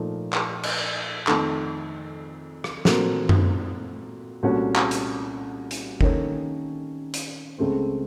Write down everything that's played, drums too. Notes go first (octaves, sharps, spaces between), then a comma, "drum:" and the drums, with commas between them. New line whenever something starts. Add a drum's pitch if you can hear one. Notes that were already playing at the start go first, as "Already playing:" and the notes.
Already playing: A#2 F3 A3 D#4
drum: clap
drum: cymbal
F2 D#3 A3 D#4 A4, drum: clap
drum: rim click
A#2 A3 C4 F#4 A#4, drum: snare
drum: tom F#2
C2 A#2 A3 C#4 F#4
drum: clap
drum: hi-hat
drum: hi-hat
D#3 A#3 C#4 A4 C#5, drum: kick F#1
drum: hi-hat
C#2 C#3 A3 C4